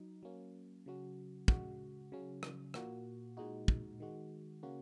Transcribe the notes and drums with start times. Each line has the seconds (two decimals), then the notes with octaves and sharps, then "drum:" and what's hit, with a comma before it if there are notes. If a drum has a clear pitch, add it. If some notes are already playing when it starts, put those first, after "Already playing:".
Already playing: F#3 D#4
0.23 F#3 A#3 C#4
0.86 C#3 F#3 C#4 F#4
1.48 C#3 G#3 F#4, drum: kick
2.12 C#3 F#3 C#4
2.43 drum: rim click
2.74 A#2 A#3 F#4, drum: rim click
3.37 A#2 G#3 D#4 F#4
3.68 drum: kick
4.00 D#3 G#3 F#4
4.63 C#3 A#3 C#4 F#4